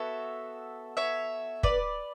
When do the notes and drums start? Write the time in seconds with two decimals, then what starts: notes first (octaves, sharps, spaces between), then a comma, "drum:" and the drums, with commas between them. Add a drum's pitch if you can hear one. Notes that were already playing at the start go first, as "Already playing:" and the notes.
Already playing: B3 F#4 A4 C#5 E5
0.97 C#5 E5
1.63 B4 D5, drum: kick